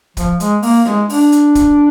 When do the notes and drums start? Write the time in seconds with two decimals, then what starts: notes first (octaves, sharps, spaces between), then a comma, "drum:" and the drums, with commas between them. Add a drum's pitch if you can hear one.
0.17 F3, drum: kick, hi-hat
0.40 G#3, drum: hi-hat
0.63 A#3, drum: open hi-hat
0.86 G#3, drum: snare
1.09 D4, drum: open hi-hat
1.32 drum: hi-hat
1.55 drum: kick, hi-hat